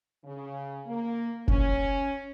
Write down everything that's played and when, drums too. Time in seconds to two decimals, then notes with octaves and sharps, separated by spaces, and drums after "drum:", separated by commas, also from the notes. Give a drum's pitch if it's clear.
0.25 C#3
0.87 A#3
1.48 C#4, drum: kick F1